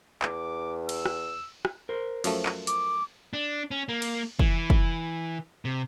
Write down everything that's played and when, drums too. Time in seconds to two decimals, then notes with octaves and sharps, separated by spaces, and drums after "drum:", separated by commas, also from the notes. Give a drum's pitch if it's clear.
0.22 E2 D6, drum: clap
0.89 E6, drum: cymbal
1.06 drum: rim click
1.65 drum: rim click
1.89 A#4 C5
2.24 F#2 F3 A3, drum: cymbal
2.46 drum: clap
2.67 D6, drum: hi-hat
3.33 D4
3.71 C#4
3.89 A#3
4.02 drum: cymbal
4.39 E3, drum: kick
4.70 drum: kick
5.65 C3